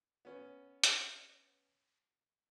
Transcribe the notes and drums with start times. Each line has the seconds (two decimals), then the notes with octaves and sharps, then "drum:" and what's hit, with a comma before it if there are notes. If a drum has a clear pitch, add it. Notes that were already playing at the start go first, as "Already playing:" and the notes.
0.25 B3 C#4
0.84 drum: hi-hat